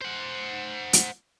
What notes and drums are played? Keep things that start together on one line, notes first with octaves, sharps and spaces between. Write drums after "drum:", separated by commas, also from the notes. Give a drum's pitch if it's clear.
C5 F#5
drum: hi-hat